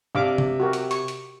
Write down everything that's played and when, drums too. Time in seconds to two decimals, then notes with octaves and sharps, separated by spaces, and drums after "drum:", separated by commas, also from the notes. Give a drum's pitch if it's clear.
0.15 C3 D4 F5 D6
0.38 drum: tom C3
0.60 F#4 G4 A#4
0.73 drum: hi-hat
0.91 C#6, drum: hi-hat
1.08 drum: hi-hat